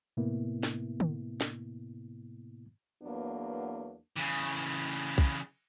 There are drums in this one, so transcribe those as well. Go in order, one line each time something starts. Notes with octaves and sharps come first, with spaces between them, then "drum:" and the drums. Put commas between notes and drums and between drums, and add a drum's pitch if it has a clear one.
A2 C3 A#3 B3 E4
drum: snare
drum: tom D3
drum: snare
E2 F#3 A#3 B3 D4
C#3 E3, drum: cymbal
drum: kick B1